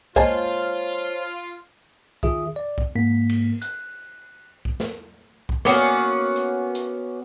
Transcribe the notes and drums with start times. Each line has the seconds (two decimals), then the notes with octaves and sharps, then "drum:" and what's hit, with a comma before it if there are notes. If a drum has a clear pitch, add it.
0.16 G#3 A#3 F4 C5 C#5 G#5 A5, drum: kick
2.23 D#3 F4 G#4 E5 D#6, drum: kick
2.56 D5
2.78 drum: kick
2.95 G#2 A#3 B6
3.30 drum: cymbal
3.62 F#6, drum: hi-hat
4.65 drum: kick
4.80 drum: snare
5.49 drum: kick
5.65 A#3 B3 C#4 F#4, drum: snare
6.36 drum: hi-hat
6.75 drum: hi-hat